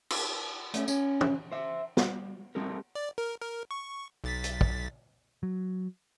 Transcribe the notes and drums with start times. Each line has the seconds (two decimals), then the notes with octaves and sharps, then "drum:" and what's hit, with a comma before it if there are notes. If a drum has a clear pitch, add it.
0.10 drum: cymbal
0.74 A3 C#4, drum: hi-hat
0.88 C#4, drum: tambourine
1.21 drum: tom
1.52 C5 E5
1.97 G3, drum: snare
2.55 G3 C4 G4 A4 A#4
2.95 D5
3.18 A#4
3.42 A#4
3.71 C#6
4.24 B1 A6 B6
4.44 drum: hi-hat
4.61 drum: kick
5.43 F#3